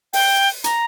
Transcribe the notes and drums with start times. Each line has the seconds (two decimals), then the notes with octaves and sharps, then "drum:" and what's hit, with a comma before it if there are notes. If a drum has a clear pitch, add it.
0.13 G5, drum: open hi-hat
0.64 A#5, drum: hi-hat